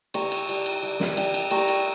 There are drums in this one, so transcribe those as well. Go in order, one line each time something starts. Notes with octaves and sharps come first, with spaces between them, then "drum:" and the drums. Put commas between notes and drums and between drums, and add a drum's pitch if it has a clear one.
G3 A#5 C#6, drum: cymbal
drum: cymbal
G3, drum: cymbal
drum: cymbal
G3
drum: snare
G3, drum: cymbal
drum: cymbal
G3 A#5 C#6, drum: cymbal
drum: cymbal